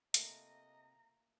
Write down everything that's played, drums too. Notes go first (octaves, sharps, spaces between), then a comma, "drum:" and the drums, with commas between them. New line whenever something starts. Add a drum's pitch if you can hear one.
C3 A3 A#3 F4 D#5 A#5, drum: hi-hat